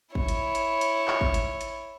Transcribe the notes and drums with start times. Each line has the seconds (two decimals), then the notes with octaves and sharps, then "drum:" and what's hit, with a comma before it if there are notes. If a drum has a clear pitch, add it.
0.15 E4 C#5, drum: kick
0.28 drum: hi-hat
0.55 drum: hi-hat
0.81 drum: hi-hat
1.08 drum: clap
1.21 drum: kick
1.34 drum: hi-hat
1.61 drum: hi-hat